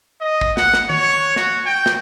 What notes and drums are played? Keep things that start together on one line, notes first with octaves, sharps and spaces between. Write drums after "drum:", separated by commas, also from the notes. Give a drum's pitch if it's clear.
D#5
drum: kick
F#5, drum: snare
drum: snare
C#5, drum: tom D#3
F#4, drum: snare
G5
drum: snare